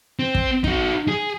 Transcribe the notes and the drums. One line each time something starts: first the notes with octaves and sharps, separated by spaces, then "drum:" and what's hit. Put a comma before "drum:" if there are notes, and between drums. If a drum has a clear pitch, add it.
C4
drum: kick
D#4 F#4, drum: kick
G#4